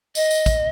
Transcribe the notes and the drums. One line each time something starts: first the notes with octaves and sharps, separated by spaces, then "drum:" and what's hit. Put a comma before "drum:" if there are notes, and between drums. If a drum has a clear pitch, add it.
D#5, drum: tambourine
drum: tambourine
drum: kick, tambourine